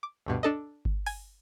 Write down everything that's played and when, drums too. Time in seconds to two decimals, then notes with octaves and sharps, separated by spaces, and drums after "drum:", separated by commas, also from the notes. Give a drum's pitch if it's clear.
0.03 D6
0.26 D2 G2 B2
0.43 D4 A4 D#5
0.85 drum: kick G1
1.06 G#5, drum: open hi-hat